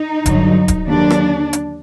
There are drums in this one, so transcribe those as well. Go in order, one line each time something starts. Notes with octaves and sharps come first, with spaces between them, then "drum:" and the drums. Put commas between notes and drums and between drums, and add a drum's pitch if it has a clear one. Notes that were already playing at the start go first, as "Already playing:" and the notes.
Already playing: D#4
G2 D3 F#3, drum: kick D1, hi-hat
drum: kick D1, hi-hat
D#2 D3 F#3 D4
drum: rim click
drum: hi-hat